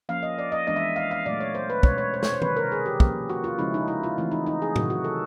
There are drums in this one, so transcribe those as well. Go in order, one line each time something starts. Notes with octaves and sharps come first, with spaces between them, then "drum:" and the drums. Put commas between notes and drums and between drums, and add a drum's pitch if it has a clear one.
F3 A#3 C#4 F5
D#5
D5
D#5
E3 G#3 B3 D4 D#5
E5
F5
F5
A#2 F#3 A3 D5
C#5
C5
B4
B2 G#3 C#4 C#5, drum: kick
C#5
C5
C#5, drum: snare
C5
C3 D#3 G3 B4, drum: tom
A#4
G#4
G4
F3 A#3 C#4, drum: kick
F#4
F4
C#3 F3 G#3 C#4 E4
D#4
E4
F4
E3 A3 C4 E4
D#4
D#4
G#4
C3 D#3 F#3 F#4, drum: tom
F#4
A4